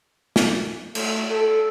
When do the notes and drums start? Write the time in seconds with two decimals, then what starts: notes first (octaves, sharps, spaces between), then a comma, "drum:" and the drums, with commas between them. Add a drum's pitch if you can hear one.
0.36 drum: snare
0.95 A3, drum: cymbal
1.30 A4